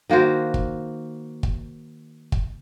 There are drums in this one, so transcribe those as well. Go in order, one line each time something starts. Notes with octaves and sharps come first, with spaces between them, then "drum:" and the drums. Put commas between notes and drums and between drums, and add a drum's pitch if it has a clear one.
D#3 A#3 F#4 C5
drum: kick
drum: kick
drum: kick